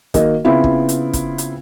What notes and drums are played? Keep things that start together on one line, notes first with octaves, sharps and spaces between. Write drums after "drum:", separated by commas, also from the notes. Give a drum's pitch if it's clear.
D#3 A#3 F#4 D#5, drum: kick, hi-hat
C#3 B3 C4 E4 F4
drum: kick
drum: hi-hat
drum: kick, hi-hat
drum: hi-hat